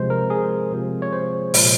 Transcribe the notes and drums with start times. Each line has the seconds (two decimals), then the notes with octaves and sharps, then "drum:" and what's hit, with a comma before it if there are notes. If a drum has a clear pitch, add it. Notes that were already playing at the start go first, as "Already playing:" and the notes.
Already playing: C3 F3 G#3 C5
0.10 A#4
0.30 G#4
0.72 C3 F3 G#3
1.02 C#5
1.13 C5
1.54 A#2 F3 G#3, drum: open hi-hat